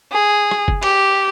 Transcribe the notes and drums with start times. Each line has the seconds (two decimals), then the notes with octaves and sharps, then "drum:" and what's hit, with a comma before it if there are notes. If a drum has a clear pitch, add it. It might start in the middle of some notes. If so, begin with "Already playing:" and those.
0.12 G#4
0.51 drum: rim click
0.68 drum: kick
0.83 G4, drum: cymbal